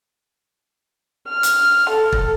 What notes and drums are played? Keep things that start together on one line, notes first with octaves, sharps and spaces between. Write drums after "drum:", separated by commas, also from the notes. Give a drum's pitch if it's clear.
F6
drum: hi-hat
A4
drum: kick